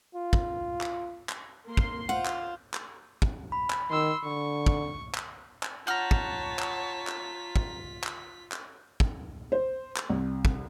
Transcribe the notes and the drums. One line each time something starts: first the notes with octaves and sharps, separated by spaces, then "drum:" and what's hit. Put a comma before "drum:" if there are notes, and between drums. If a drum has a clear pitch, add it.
F4
drum: kick
drum: clap
drum: clap
A#3 A#4 C6
drum: kick
F4 C5 F#5
drum: clap
drum: clap
drum: kick
B5
drum: clap
D#3 C6 E6
D3 C#6
drum: kick
drum: clap
drum: clap
F4 C#5 F#5 A5 A#5 F6 G6 B6
drum: kick
drum: clap
drum: clap
drum: kick
drum: clap
drum: clap
drum: kick
C5
drum: clap
C2
drum: kick